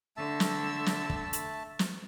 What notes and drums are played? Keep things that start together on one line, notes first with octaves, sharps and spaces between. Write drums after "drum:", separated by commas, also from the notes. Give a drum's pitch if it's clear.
D3 A3 E5 A5 E6
drum: snare
drum: snare
drum: kick
drum: hi-hat
drum: snare